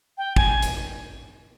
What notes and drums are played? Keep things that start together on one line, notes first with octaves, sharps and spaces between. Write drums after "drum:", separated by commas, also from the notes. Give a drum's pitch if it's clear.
G5
G#5, drum: kick
drum: hi-hat